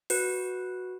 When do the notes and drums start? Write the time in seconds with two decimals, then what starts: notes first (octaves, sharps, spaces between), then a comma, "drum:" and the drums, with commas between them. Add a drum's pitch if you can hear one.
0.10 F#4 B4, drum: open hi-hat